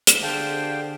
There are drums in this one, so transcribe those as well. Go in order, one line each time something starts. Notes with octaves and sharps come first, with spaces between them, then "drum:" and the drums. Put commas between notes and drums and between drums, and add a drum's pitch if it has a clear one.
drum: hi-hat
D3 G4 G#4 C5 F5 G5 A5